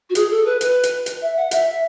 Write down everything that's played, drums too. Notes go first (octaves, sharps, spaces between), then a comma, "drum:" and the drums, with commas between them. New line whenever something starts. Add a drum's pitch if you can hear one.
F#4
G#4, drum: hi-hat
A4
B4
B4, drum: hi-hat
drum: hi-hat
drum: hi-hat
E5
F#5
E5, drum: hi-hat
E5